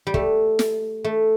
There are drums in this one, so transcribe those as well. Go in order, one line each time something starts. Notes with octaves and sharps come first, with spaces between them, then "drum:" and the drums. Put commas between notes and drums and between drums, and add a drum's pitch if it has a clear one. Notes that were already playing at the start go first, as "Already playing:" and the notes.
G3
A3, drum: kick
drum: snare
A3